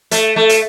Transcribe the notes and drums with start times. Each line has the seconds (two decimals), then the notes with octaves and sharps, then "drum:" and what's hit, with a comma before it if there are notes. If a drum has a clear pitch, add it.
0.11 A3, drum: hi-hat
0.36 A3
0.49 drum: hi-hat